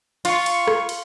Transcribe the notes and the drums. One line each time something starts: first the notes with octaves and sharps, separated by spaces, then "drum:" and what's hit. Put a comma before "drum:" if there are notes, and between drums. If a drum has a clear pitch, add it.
F4 C#6, drum: cymbal
drum: cymbal
drum: rim click
drum: cymbal